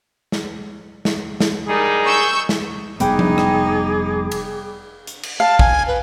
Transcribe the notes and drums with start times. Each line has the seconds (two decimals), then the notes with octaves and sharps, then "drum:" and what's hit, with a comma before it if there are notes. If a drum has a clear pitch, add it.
0.32 drum: snare
1.05 drum: snare
1.40 drum: snare
1.68 G3 D#4 G#4 A#4
2.05 C#6 E6 G6
2.49 drum: snare
3.00 F1 G3 B3 D#4 G#4 B4 G5 D6, drum: hi-hat
3.19 drum: tom F3
3.38 drum: rim click
4.31 drum: cymbal
5.07 drum: hi-hat
5.23 drum: cymbal
5.40 F5 A5
5.59 G#5, drum: kick
5.88 B4